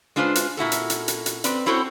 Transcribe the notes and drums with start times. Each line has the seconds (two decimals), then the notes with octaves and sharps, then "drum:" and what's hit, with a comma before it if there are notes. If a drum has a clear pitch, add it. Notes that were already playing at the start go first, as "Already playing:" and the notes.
0.16 G#3 D4 F4 B4 C5
0.35 drum: hi-hat
0.57 A#2 E4 F#4 A4
0.72 drum: hi-hat
0.90 drum: hi-hat
1.08 drum: hi-hat
1.26 drum: hi-hat
1.44 C4 B4 D5, drum: hi-hat
1.66 C4 E4 F#4 A4 C5 C#5